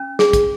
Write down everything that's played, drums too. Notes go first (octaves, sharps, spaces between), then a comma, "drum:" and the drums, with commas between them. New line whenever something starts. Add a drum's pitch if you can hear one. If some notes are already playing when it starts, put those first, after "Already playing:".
Already playing: C#4
G#4, drum: snare
drum: kick, hi-hat